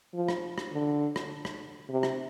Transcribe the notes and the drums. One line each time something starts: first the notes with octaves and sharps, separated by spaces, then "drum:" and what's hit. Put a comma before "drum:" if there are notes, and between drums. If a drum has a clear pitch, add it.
F3
drum: rim click
drum: rim click
D3
drum: rim click
drum: rim click
C3
drum: rim click